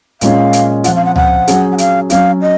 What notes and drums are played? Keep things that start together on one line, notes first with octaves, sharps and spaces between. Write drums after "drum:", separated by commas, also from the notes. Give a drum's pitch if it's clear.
A#2 G#3 C#4 F5, drum: hi-hat
drum: hi-hat
F3 C4 F4 F#5, drum: hi-hat
F5
F#5
F#5, drum: tom C#2
F#3 C#4 G#4, drum: hi-hat
F#5
F5, drum: hi-hat
F#3 C#4 F#4 F5, drum: hi-hat
D#5